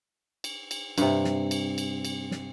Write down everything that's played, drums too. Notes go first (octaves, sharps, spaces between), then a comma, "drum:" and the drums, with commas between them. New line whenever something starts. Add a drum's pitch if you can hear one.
drum: cymbal
drum: cymbal
G2 C3, drum: cymbal
drum: snare
drum: cymbal
drum: cymbal
drum: cymbal
drum: snare